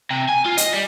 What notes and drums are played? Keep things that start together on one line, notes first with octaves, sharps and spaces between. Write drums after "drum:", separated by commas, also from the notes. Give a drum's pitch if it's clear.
C3
G#5
F4
D#5, drum: hi-hat
G3